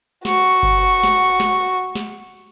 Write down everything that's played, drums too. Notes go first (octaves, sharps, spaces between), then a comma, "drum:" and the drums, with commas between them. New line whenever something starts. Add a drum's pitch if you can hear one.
F#4 C#6, drum: snare
drum: kick G1
drum: snare
drum: snare
drum: snare